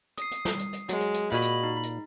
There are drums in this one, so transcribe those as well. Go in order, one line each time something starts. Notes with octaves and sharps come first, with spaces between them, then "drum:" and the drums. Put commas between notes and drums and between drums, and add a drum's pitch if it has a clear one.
D#6 C7, drum: hi-hat
drum: hi-hat
drum: snare
drum: hi-hat
drum: hi-hat
F#3 G#3, drum: hi-hat
drum: hi-hat
drum: hi-hat
A#2 F#4 D#5 B5
drum: hi-hat
D#4
drum: hi-hat